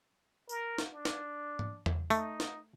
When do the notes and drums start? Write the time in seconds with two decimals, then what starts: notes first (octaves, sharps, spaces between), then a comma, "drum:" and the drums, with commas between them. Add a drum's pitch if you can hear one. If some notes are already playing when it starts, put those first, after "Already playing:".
0.49 A#4, drum: tambourine
0.78 drum: snare
0.92 D4
1.05 drum: snare
1.59 drum: tom G#2
1.86 drum: tom E2
2.10 A3 D#4, drum: tambourine
2.40 drum: snare